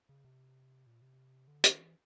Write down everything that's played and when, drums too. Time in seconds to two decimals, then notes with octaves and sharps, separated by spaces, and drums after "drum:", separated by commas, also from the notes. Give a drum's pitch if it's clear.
0.09 C#3
0.25 C3
0.87 A#2
1.02 C3
1.48 D3
1.64 D#3, drum: hi-hat
1.79 E3